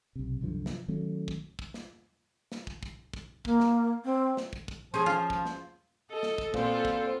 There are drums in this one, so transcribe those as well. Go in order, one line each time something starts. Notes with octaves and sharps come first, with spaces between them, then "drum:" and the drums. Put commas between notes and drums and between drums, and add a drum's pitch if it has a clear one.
B1 C3
C2 F#2 D3 F3
drum: snare
D#3 F#3 A3 C#4
drum: kick
drum: kick
drum: snare
drum: snare
drum: kick
drum: kick
drum: kick
A#3, drum: kick
drum: snare
C4
drum: snare
drum: kick
drum: kick
F3 C#4 G#4 C5
F4
drum: kick
drum: snare
A4 D#5
drum: snare
drum: kick
A#2 B3 C4 F4 F#4 A4 C5, drum: kick
drum: kick